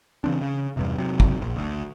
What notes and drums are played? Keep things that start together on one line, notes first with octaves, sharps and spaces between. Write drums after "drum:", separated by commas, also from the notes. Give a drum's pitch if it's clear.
C#3 E3 C4 D4
C#3
E2 G2 C3
C3 F#3
drum: kick
A#1
D2